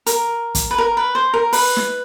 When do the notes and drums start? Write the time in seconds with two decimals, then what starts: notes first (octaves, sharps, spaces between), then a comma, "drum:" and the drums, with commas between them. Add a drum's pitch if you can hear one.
0.06 A#4, drum: hi-hat
0.55 drum: kick, hi-hat
0.71 B4
0.78 A#4
0.97 B4
1.15 C5
1.34 A#4
1.53 B4, drum: open hi-hat
1.76 drum: snare